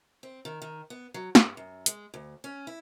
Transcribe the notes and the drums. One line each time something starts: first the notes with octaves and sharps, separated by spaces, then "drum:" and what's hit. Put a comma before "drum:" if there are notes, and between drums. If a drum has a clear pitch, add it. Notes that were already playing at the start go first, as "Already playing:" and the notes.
C4
D#3
D#3
B3
F#3
G2, drum: snare
F#2
G#3, drum: hi-hat
D2
C#4
E4